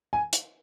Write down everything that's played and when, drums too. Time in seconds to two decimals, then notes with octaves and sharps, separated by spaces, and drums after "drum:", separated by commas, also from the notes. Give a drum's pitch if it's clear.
0.13 G#5
0.33 drum: hi-hat